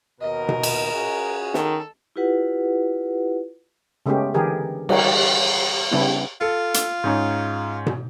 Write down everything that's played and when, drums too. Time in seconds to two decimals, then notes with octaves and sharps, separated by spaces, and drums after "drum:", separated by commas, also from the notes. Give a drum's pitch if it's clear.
0.21 D#2 B2 A#4 D#5
0.49 drum: tom B2
0.63 drum: cymbal
0.92 C#4 F#4 G#4
1.54 D#3 A4, drum: snare
2.16 E4 F4 G4 B4 F#5
4.06 C#3 G#3 A3 B3 C#4 G4
4.34 D3 E3 G4 G#4 A#4
4.89 G3 D#4 F#4 G4 A#4 C#5, drum: cymbal
5.92 C#3 G3 B3 C4 D4 E4
6.41 F4 A4
6.74 drum: hi-hat
7.04 G#2 C#4 D#4
7.86 drum: tom B2